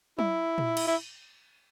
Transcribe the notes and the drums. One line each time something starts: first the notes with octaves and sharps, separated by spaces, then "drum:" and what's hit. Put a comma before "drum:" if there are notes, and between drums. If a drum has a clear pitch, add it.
E4, drum: tom F#3
drum: tom A#2
drum: cymbal
E4